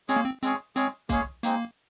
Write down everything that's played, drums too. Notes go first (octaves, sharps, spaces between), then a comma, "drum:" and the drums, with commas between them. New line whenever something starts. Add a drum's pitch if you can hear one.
G#3 C4 C#4 G#4 C#5, drum: hi-hat
A#3
C4
G#3 C4 C#4 G#4 C#5, drum: hi-hat
G#3 C4 C#4 G#4 C#5, drum: hi-hat
G#3 A#3 C#4 G#4 C#5, drum: kick C2, hi-hat
G#3 A#3 C4 D#4, drum: hi-hat